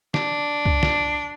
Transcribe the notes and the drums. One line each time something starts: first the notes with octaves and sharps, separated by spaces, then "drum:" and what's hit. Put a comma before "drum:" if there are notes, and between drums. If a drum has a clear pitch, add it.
D4, drum: snare
drum: kick
drum: snare